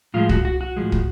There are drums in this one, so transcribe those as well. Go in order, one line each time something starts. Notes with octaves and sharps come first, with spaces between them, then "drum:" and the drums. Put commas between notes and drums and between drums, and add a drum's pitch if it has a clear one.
A2 F3 G#3 F4
F#4, drum: kick
F#4
F#4
A2 F3 G#3
drum: kick